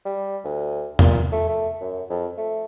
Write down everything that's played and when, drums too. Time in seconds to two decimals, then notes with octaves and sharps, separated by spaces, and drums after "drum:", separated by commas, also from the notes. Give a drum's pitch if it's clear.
0.05 G3
0.45 D2
0.99 A#2, drum: tom E2
1.32 A3
1.49 A3
1.81 F#2
2.10 F2
2.37 A3